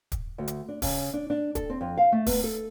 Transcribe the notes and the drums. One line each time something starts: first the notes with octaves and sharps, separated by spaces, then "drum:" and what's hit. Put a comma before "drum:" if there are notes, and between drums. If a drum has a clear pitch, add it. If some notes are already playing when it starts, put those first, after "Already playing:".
drum: kick, hi-hat
D2
drum: hi-hat
D4
C#3, drum: kick, open hi-hat
D4
D4
A4, drum: kick, hi-hat
C4
F2
F5
A3
B3, drum: kick, open hi-hat
A4